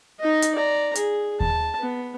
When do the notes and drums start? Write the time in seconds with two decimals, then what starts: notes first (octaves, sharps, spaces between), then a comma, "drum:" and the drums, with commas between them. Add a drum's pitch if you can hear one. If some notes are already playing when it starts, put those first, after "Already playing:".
0.20 D#4 D#5
0.42 drum: hi-hat
0.54 D5 A#5
0.95 G#4, drum: hi-hat
1.40 A5, drum: kick D#2
1.80 B3